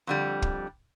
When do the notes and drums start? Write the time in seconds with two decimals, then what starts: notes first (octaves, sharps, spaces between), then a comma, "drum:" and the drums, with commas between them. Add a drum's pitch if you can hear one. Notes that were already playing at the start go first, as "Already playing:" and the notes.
0.07 F2 D3 G3
0.42 drum: kick